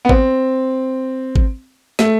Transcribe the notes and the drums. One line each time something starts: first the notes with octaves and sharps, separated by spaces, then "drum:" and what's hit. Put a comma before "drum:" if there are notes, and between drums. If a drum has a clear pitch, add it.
B3
C4, drum: kick G#1
drum: kick G#1
A3, drum: snare